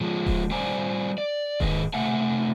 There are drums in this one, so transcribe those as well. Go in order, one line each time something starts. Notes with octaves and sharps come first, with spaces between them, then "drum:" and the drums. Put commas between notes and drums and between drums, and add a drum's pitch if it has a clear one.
F3 G#3
drum: kick D#1
G3 F#4 C5 D5 G#5 A#5
D5
G#2 D#3 G#4 B4 D#5, drum: kick D#1
C3 A3 E5 F#5 G#5